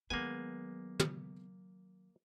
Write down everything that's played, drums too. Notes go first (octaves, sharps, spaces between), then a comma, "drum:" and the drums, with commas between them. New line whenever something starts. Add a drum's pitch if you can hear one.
D#3 F#3 G#3 A#3 B3 G#5
drum: tom